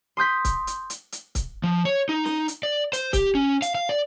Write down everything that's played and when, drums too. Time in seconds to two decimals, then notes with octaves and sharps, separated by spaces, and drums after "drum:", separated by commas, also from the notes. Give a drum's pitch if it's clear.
0.17 C6 D#6 G6 B6
0.45 drum: kick C#1, hi-hat
0.67 drum: hi-hat
0.90 drum: hi-hat
1.12 drum: hi-hat
1.35 drum: kick C#1, hi-hat
1.63 F3
1.85 C#5
2.09 D#4
2.25 drum: snare
2.48 drum: hi-hat
2.63 D5
2.93 C5, drum: hi-hat
3.13 G4, drum: kick C#1, hi-hat
3.35 C#4
3.62 F5, drum: hi-hat
3.75 F5
3.89 D5